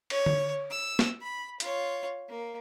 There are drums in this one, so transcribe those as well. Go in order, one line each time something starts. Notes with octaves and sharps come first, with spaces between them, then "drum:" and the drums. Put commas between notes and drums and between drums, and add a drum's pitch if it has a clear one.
C#5, drum: cymbal
drum: tom D3
E6
drum: snare
B5
F4 C#5, drum: hi-hat
A#3